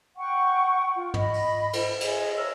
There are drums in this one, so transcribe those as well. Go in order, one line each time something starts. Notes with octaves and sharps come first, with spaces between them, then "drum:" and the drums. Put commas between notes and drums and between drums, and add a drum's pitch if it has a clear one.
F#5 G5 C#6
F4
D#5 B5, drum: tom
drum: open hi-hat
drum: cymbal
G#4 D#5, drum: cymbal
A#4 C#5 D#5 E6